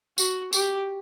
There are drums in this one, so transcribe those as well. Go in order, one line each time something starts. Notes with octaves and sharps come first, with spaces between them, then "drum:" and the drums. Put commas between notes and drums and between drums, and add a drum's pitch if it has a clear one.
F#4, drum: tambourine
G4, drum: tambourine